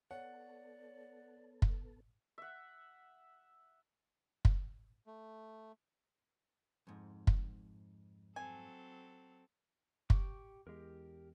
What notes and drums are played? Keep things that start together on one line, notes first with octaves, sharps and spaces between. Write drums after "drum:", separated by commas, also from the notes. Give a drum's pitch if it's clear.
B3 A4 C#5 D5 F#5
drum: kick
E5 F#5
drum: kick
A3
F2 G#2
drum: kick
F#3 C4 A4 G#5
G4 C#6 D6, drum: kick
E2 G#3 G4 A#4